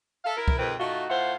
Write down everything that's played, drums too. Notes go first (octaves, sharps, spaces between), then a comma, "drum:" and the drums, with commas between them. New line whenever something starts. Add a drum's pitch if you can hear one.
A4 E5 F5
E4 A#4
drum: kick C2
F2 G#2 C4 A#4 B4
A3 D#4 F4 F#4
A2 F4 C5 E5 F#5